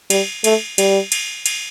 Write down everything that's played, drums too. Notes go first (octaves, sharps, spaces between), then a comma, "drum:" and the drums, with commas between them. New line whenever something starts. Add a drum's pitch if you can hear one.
G3, drum: cymbal
A3, drum: cymbal
G3, drum: cymbal
drum: cymbal
drum: cymbal